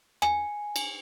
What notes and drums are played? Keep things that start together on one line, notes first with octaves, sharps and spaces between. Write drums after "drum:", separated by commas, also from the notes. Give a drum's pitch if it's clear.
G#5, drum: rim click
drum: cymbal